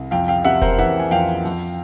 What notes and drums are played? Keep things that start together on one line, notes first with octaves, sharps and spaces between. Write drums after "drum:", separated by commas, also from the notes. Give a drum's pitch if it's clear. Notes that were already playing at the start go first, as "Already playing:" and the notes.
Already playing: C2
F2 F5 G5
F5 G5
C3 E5 F#5, drum: hi-hat
A#4 C5, drum: kick E1, hi-hat
E3 E5 F#5, drum: hi-hat
G#5
F2 F5 G5, drum: hi-hat
drum: hi-hat
F2, drum: open hi-hat